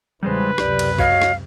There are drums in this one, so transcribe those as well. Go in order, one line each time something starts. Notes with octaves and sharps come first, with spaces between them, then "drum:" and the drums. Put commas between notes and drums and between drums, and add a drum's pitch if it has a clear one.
E2 C#3 E3 G3 G#3 B4 C5
C#2 F#2 C3 G4 D5, drum: rim click
drum: cymbal
F#4 C#5 D#5 F5, drum: kick
drum: rim click